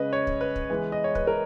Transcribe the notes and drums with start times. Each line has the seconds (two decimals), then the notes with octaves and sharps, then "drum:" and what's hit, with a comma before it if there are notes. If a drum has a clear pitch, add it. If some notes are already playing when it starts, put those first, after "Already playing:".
Already playing: C#3 G#3 C#4 B4 D#5
0.13 C#5
0.27 drum: kick
0.41 B4
0.56 drum: kick
0.70 E3 G#3 B3
0.92 D#5
1.04 C#5
1.15 B4, drum: kick
1.27 A#4